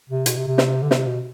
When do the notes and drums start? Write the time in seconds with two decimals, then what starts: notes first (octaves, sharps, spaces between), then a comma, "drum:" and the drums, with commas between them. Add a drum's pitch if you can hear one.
0.09 C3
0.26 B2, drum: hi-hat
0.36 C3
0.47 C3
0.58 drum: snare
0.83 D3
0.91 C3, drum: snare
1.06 B2